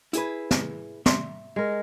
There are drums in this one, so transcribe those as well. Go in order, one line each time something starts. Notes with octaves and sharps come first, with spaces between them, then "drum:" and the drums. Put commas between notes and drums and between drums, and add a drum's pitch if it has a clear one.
E4 G#4 B4, drum: hi-hat
drum: snare
E5 C6, drum: snare
G#3 A#4